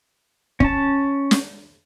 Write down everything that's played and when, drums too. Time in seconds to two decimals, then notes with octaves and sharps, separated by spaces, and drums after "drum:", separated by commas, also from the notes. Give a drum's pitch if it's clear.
0.60 C#4 A5, drum: kick
1.31 drum: snare